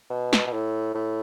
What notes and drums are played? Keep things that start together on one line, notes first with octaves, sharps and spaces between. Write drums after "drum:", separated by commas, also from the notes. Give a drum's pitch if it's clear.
B2
drum: snare
B2
A2
A2